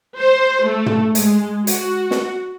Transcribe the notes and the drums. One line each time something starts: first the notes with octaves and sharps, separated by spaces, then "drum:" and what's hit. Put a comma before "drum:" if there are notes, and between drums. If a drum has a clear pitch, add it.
C5
A3
drum: tom
G#3, drum: hi-hat
F#4, drum: hi-hat
drum: snare